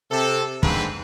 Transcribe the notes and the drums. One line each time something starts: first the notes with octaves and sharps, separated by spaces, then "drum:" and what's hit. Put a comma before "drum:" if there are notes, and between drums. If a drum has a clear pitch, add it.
C3 A4
G#2 D3 D#3 A#3 C4 B4, drum: kick